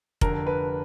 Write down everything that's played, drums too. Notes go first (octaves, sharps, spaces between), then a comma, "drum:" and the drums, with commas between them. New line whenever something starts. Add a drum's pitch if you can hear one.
F1 F2 D3 A#4, drum: kick F1
B4